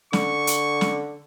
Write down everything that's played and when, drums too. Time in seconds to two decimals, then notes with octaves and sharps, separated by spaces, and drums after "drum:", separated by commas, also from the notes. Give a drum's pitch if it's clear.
0.13 D3 C#6, drum: snare
0.47 drum: hi-hat
0.81 drum: snare